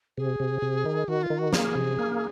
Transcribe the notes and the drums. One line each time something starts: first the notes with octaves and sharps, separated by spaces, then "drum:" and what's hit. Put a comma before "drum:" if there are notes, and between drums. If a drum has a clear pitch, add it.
C3 G#4
C3
C3
D#3
D#3 F#4
F4
D#3
F#4
A#3 G#4, drum: snare
C3
A#3